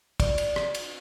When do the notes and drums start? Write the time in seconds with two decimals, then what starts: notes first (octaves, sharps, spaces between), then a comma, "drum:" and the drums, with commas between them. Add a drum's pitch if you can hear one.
0.20 D5, drum: kick, cymbal
0.38 drum: cymbal
0.56 drum: rim click
0.75 drum: cymbal